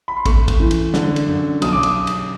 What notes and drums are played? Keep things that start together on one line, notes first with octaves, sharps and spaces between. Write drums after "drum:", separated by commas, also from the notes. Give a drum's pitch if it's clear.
B5
C6
A3 C#6, drum: kick, cymbal
drum: kick, cymbal
E3
drum: cymbal
D3, drum: snare
drum: cymbal
F#2
B1 D#6, drum: cymbal
D6
D#6, drum: cymbal
drum: cymbal